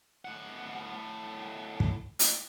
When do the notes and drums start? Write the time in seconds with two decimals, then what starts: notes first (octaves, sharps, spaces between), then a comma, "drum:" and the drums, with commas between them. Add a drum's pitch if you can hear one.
0.25 A2 F#5
1.80 drum: kick
2.19 drum: hi-hat